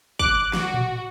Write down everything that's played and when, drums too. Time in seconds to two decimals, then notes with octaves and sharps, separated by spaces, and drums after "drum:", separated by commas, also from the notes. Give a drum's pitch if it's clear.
0.19 D6 F#6, drum: kick
0.53 F#4, drum: snare
0.74 drum: tom A2